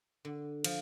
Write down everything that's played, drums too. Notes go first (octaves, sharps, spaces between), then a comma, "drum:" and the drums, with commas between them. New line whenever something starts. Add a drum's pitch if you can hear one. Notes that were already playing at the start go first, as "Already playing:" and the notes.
D3
F3, drum: cymbal